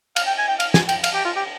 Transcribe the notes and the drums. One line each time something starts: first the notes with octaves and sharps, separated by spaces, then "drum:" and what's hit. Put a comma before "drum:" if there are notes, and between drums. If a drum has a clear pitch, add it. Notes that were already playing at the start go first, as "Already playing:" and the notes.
F5, drum: cymbal
G5
G#5
G5
F5, drum: cymbal
G#5, drum: snare
G5, drum: cymbal
F5, drum: cymbal
G4
F4
G4